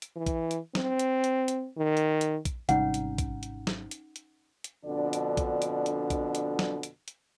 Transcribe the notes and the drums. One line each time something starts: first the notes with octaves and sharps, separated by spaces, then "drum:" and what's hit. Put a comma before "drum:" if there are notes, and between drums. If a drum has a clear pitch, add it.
drum: hi-hat
E3
drum: kick A#1, hi-hat
drum: hi-hat
C4, drum: snare
drum: hi-hat
drum: hi-hat
drum: hi-hat
D#3
drum: hi-hat
drum: hi-hat
drum: kick A#1, hi-hat
G#1 C3 G3 C#4 D#4 F#5, drum: hi-hat
drum: hi-hat
drum: kick A#1, hi-hat
drum: hi-hat
drum: snare
drum: hi-hat
drum: hi-hat
drum: hi-hat
F2 B2 D3 D4 D5
drum: hi-hat
drum: kick A#1, hi-hat
drum: hi-hat
drum: hi-hat
drum: kick A#1, hi-hat
drum: hi-hat
drum: snare
drum: hi-hat
drum: hi-hat